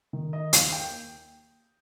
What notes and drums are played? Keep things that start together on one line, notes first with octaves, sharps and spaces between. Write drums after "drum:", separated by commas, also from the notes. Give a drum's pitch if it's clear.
D#3
D#5
D#2 F5, drum: hi-hat
G5